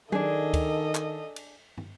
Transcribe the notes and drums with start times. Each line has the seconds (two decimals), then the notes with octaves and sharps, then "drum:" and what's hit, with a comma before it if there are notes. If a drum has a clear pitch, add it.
0.12 D#3 D4 G#4 A4 D#5, drum: tom F#3
0.54 drum: kick D2, cymbal
0.95 drum: clap
1.36 drum: cymbal
1.78 drum: tom